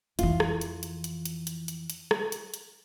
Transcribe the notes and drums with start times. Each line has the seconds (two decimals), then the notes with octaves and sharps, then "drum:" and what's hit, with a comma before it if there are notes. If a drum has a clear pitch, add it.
0.19 F2 E3 F4, drum: hi-hat
0.40 drum: rim click
0.61 drum: hi-hat
0.83 drum: hi-hat
1.04 drum: hi-hat
1.25 drum: hi-hat
1.47 drum: hi-hat
1.68 drum: hi-hat
1.90 drum: hi-hat
2.11 drum: rim click
2.32 drum: hi-hat
2.54 drum: hi-hat